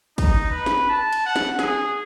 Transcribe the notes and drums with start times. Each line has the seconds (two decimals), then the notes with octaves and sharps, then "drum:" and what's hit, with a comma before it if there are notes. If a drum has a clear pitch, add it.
0.18 D#4, drum: kick, cymbal
0.50 B4
0.66 drum: snare
0.89 A5
1.13 drum: cymbal
1.26 F#5
1.36 drum: snare
1.59 G#4, drum: snare